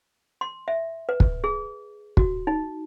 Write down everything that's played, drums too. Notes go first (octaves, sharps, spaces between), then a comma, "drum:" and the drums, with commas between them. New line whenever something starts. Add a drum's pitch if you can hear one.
C6
E5
B4
drum: kick
G#4
F#4, drum: kick
D#4